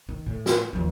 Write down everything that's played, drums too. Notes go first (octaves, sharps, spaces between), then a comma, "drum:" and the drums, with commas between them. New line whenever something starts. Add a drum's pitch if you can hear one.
D#3
A2
drum: snare
D#2 F3